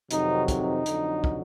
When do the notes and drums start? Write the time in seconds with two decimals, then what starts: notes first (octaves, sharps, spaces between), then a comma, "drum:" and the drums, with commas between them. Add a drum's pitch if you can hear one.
0.11 F2 C3 D#3 F#3 D#4, drum: hi-hat
0.48 D#4, drum: kick, hi-hat
0.86 F2 D3 F#3, drum: hi-hat
1.24 drum: kick